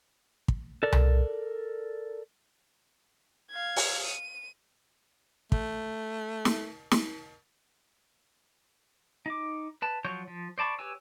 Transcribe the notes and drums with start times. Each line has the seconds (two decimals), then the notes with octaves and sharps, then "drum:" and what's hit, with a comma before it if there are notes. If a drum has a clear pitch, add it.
0.48 drum: kick
0.83 A4 A#4 D5
0.92 drum: tom C2
3.52 F5 G#6
3.76 drum: open hi-hat
4.04 D#7
5.52 A3, drum: kick
6.45 drum: snare
6.91 drum: snare
9.26 D#4 D6
9.82 B4 A5
10.05 F3 F#3 C#5 C#6 G6
10.28 F3
10.58 C5 D5 A5 B5 C#6
10.79 G4 B4 C#5 G#5 E6